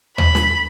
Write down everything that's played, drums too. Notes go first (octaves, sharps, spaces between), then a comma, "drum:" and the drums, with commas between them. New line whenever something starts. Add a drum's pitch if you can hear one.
B5, drum: tom D#2
drum: snare